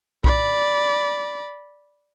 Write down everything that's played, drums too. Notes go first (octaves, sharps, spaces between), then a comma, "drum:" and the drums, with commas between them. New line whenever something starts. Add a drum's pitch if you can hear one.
D5 B5, drum: kick B1